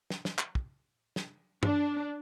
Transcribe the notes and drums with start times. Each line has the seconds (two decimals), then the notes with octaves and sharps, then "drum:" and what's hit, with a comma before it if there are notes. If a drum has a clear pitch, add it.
0.10 drum: snare
0.25 drum: snare
0.38 drum: clap
0.55 drum: kick
1.16 drum: snare
1.63 D4, drum: tom